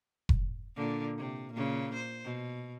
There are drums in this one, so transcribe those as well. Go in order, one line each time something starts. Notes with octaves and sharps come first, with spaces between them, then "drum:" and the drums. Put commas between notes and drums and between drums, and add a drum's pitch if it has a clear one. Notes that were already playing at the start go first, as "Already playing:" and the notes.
drum: kick F1
A#2 D3
C3
A#2 C#3
C5
B2